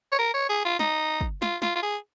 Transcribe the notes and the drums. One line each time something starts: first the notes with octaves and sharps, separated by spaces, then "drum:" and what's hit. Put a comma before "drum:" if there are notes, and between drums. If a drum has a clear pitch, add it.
C#5
A#4
C#5
G#4
F4
D#4, drum: snare
drum: kick
F4, drum: snare
F4, drum: snare
F4
G#4